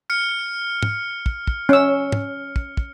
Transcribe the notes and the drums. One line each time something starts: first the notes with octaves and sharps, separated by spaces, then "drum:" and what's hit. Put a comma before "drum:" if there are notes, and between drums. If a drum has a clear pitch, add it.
F6 C#7
drum: tom
drum: kick
drum: kick
C#4 E6
drum: tom
drum: kick
drum: kick